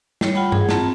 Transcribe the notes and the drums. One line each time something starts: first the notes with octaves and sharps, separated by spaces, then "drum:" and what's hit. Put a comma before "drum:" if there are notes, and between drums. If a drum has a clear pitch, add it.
G3 C#5, drum: snare
F4 F#5 G5 B5
G#4, drum: tom G2
C4 F4 A5 A#5, drum: snare